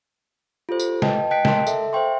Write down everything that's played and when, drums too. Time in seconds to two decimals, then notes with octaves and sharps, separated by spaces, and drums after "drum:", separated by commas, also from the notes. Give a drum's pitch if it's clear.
0.69 F4 G4 A4 C5
0.80 drum: tambourine
1.02 B4 D#5 G5 A5, drum: snare
1.31 D#5 G5 F#6 B6 D7
1.45 A#4 A5 C6, drum: snare
1.67 A4 E5, drum: tambourine
1.93 C5 E5 F5 G5 C6 C#6